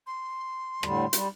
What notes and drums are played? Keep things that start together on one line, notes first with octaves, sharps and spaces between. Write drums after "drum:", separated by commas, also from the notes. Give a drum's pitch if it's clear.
C6
A2 D3 G3, drum: rim click
G3, drum: hi-hat